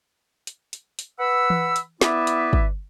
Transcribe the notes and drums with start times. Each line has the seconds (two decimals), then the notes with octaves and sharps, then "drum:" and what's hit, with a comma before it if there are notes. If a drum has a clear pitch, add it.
0.47 drum: hi-hat
0.73 drum: hi-hat
0.99 drum: hi-hat
1.18 B4 F#5 B5 E6
1.50 drum: tom E3
1.76 drum: hi-hat
2.01 B3 E4 B4 D5 E5, drum: snare
2.27 drum: hi-hat
2.53 drum: kick